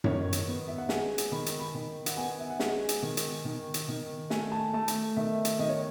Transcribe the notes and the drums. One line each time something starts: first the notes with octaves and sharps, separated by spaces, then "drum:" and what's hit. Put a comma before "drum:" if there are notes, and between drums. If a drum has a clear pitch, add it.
D#3 C#5, drum: tom F#2
drum: hi-hat
B3
E5
F#5
G#3 G#5, drum: snare
drum: hi-hat
D#3 B5
drum: hi-hat
B5
D#3
F#5, drum: hi-hat
B3 G#5
E5
F#5
G#3 G#5, drum: snare
drum: hi-hat
D#3
drum: hi-hat
D#3
drum: hi-hat
D#3
A3 G#5, drum: snare
A5
A3 A5
drum: hi-hat
D#3 E5
drum: hi-hat
D#3 D#5
C#5